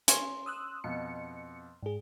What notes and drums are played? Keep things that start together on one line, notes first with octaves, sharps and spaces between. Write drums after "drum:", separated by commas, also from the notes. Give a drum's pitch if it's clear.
C#4 C6, drum: hi-hat
D#6 E6 F#6
F2 B2 C#7
G#2 G#4